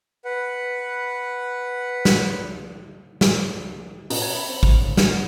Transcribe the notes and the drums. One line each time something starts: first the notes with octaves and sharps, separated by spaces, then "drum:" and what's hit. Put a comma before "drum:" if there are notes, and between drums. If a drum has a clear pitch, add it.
B4 F#5
drum: snare
drum: snare
B2, drum: open hi-hat
G#6
B5
C4
F7, drum: kick
G#1
B2, drum: snare
F#5